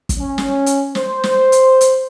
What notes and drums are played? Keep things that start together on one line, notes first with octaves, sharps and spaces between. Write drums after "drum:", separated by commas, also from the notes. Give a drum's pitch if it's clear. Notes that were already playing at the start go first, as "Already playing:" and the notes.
drum: kick, hi-hat
C#4
drum: snare
drum: hi-hat
C5, drum: snare
drum: snare
drum: hi-hat
drum: hi-hat